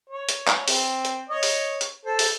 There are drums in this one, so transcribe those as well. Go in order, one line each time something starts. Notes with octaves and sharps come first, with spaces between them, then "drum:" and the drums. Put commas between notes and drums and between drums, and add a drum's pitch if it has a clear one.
C#5
drum: hi-hat
drum: clap
C4, drum: open hi-hat
drum: hi-hat
C#5 D#5
drum: open hi-hat
drum: hi-hat
A4 C5
drum: open hi-hat